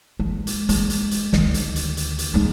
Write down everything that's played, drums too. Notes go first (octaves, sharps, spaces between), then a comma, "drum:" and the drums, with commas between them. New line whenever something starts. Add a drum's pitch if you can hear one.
G#3
drum: hi-hat
G#3, drum: hi-hat
drum: hi-hat
drum: hi-hat
D2 D#3, drum: snare
drum: hi-hat
drum: hi-hat
drum: hi-hat
drum: hi-hat
G#3 D#4